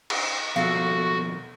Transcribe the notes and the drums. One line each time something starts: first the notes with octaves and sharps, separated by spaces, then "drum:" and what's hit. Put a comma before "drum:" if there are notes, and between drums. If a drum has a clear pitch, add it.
drum: cymbal
D#2 B2 F3 F#4 A4 F5